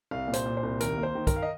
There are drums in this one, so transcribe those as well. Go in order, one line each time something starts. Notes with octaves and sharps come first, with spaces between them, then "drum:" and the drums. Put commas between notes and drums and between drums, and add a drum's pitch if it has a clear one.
C2 F5
A#2
C5, drum: hi-hat
A#2
C5
C2
D#2 A#4, drum: hi-hat
A#3
C5
D#3
A#4, drum: kick, hi-hat
F5
D#5